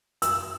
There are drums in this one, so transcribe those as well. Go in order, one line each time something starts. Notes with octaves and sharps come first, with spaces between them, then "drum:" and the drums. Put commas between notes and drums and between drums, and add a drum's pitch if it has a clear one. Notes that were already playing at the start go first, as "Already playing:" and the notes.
E6, drum: hi-hat